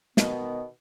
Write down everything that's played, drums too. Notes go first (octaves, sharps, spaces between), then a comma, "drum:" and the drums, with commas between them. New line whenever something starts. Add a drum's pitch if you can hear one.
B2 D#3 B3, drum: snare